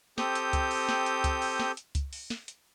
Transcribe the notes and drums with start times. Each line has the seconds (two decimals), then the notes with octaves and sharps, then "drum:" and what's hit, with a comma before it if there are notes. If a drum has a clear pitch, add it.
0.18 C4 G4 A4 D#6 G6, drum: snare
0.35 drum: hi-hat
0.53 drum: kick C#2, hi-hat
0.71 drum: open hi-hat
0.89 drum: snare
1.06 drum: hi-hat
1.24 drum: kick C#2, hi-hat
1.42 drum: open hi-hat
1.59 drum: snare
1.77 drum: hi-hat
1.95 drum: kick C#2, hi-hat
2.13 drum: open hi-hat
2.30 drum: snare
2.48 drum: hi-hat